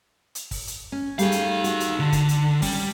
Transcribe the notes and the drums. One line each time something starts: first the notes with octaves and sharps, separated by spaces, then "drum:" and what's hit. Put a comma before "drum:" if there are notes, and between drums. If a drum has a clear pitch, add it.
drum: hi-hat
drum: kick, open hi-hat
drum: hi-hat
C#4
G3 A3 D#4 G#4 F5, drum: hi-hat
drum: hi-hat
F#4, drum: hi-hat
drum: hi-hat
D3
drum: kick, hi-hat
drum: hi-hat
G3 C#4, drum: kick, open hi-hat